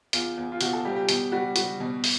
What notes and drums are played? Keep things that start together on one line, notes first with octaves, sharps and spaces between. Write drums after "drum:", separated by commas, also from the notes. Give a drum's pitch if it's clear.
E2 F4, drum: hi-hat
E2
F4
B2 F#4, drum: hi-hat
A4
G3 G4
G4
B2 G4, drum: hi-hat
G3 F#4
G3 F#4, drum: hi-hat
B2
drum: open hi-hat